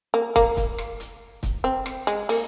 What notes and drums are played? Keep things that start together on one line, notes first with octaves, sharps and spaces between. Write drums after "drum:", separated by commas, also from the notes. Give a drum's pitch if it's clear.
A#3
A#3, drum: kick
drum: kick, hi-hat
drum: rim click
drum: hi-hat
drum: kick, hi-hat
C4
drum: rim click
G#3
A#3, drum: open hi-hat